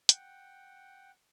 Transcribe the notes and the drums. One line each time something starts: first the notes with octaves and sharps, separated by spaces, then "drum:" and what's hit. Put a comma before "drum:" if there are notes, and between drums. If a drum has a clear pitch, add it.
F#5 G5, drum: hi-hat